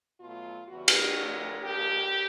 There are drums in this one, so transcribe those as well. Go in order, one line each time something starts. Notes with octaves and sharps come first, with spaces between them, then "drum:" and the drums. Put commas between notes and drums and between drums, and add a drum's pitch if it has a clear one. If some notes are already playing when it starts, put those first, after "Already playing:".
B2 F#3 A3 F4
E2 C#3 E3 G3 F#4
drum: cymbal
F2 D3 F3 A3
A#2 F3 G#3 G4